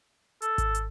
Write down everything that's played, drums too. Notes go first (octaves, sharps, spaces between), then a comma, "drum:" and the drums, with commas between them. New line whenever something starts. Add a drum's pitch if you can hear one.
A4, drum: hi-hat
drum: kick G#1, hi-hat
drum: hi-hat